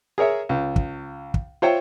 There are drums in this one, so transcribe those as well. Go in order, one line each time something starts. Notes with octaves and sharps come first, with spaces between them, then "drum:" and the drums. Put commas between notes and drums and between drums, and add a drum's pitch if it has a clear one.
G#4 A#4 C#5 E5
C#2
drum: kick
drum: kick
F4 C5 C#5 E5 G5